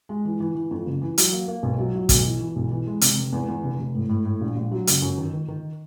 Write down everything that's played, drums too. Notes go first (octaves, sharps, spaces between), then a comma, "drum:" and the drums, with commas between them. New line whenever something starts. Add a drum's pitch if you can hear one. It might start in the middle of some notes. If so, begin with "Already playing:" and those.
G#3
E3
E3
E3
F2
F#1
E3
F#3, drum: hi-hat
A#3
A#3
B1
F#3
F#3
B1, drum: kick, hi-hat
E3
E3
B1
E3
G#3
C3, drum: hi-hat
F1
E2
E2
F1
F1
A2
A2
A2
A#1
A#1
F#3
F#1, drum: hi-hat
F#2
D#3
D#3
D#3